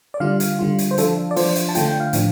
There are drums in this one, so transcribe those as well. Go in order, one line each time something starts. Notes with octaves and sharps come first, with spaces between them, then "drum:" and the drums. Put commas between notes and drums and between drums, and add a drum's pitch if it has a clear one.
D5
D3 G3 F4 F5
drum: hi-hat
D3 G3 F4
drum: hi-hat
C5
F3 D4 F4 A4, drum: hi-hat
D5
F3 D4 F4 C5, drum: open hi-hat
drum: hi-hat
A5
D3 A3 D4 F4 G5, drum: hi-hat
G5
F5
A2 F3 D4, drum: hi-hat